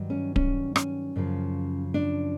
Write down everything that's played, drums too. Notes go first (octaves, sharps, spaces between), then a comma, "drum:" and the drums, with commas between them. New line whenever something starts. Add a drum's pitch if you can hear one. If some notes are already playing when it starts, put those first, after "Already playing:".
Already playing: G2 D#3 F#3
C#4
C#4, drum: kick D1
C#4, drum: rim click
F#2 C#3 F3
D4